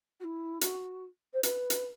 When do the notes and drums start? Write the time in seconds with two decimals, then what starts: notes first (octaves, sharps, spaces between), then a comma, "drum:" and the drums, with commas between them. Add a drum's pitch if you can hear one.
0.20 F#4
0.24 E4
0.61 F#4, drum: hi-hat
1.33 C5
1.43 B4, drum: hi-hat
1.70 drum: hi-hat